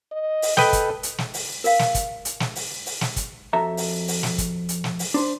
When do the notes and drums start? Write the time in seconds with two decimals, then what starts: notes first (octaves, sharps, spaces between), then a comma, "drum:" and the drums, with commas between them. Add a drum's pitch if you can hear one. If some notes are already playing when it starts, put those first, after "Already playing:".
0.12 D#5
0.42 drum: open hi-hat
0.57 A4 B4 D#5 G5, drum: snare
0.73 drum: kick, hi-hat
1.03 drum: hi-hat
1.18 drum: snare
1.34 drum: open hi-hat
1.64 A#4 F5, drum: open hi-hat
1.79 drum: snare
1.95 drum: kick, hi-hat
2.25 drum: hi-hat
2.40 drum: snare
2.55 drum: open hi-hat
2.86 drum: open hi-hat
3.01 drum: snare
3.16 drum: kick, hi-hat
3.53 F2 F#4 A4 E5 A#5
3.77 drum: open hi-hat
4.08 drum: open hi-hat
4.23 drum: snare
4.38 drum: kick, hi-hat
4.69 drum: hi-hat
4.84 drum: snare
4.99 drum: open hi-hat
5.14 D4 C5